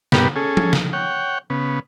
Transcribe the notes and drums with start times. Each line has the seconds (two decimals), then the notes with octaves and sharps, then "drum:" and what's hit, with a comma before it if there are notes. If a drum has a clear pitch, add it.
0.12 G2 B2 A#3 B3 G4, drum: snare
0.36 C#4 G#4 A4
0.57 drum: tom F3
0.73 drum: snare
0.93 C#5 F#5 G5
1.50 C#3 B3